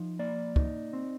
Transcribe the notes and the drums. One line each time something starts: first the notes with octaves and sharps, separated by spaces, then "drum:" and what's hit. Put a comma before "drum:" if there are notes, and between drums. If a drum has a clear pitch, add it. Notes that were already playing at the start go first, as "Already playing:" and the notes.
Already playing: F3 D#4
A#3 D5
D#4, drum: kick
C4